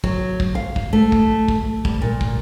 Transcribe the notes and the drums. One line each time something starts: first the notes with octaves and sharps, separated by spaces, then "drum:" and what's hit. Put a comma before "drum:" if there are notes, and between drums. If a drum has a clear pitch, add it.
F#3, drum: kick
drum: kick
F5
drum: kick
A3
drum: kick
drum: kick
G3, drum: kick
A#2
drum: kick